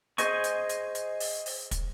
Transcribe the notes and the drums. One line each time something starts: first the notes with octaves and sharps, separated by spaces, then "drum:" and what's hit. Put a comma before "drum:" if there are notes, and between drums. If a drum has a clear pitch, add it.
G#4 C5 D#5 G#5 C#6, drum: hi-hat
drum: hi-hat
drum: hi-hat
drum: hi-hat
drum: open hi-hat
drum: open hi-hat
drum: kick, hi-hat